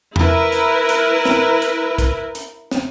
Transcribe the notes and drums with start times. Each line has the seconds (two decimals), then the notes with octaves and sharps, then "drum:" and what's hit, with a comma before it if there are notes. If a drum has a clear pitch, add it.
0.16 E4 A#4 B4, drum: tom E2
0.52 drum: hi-hat
0.89 drum: hi-hat
1.25 drum: snare
1.62 drum: hi-hat
1.98 drum: kick, hi-hat
2.35 drum: hi-hat
2.71 drum: snare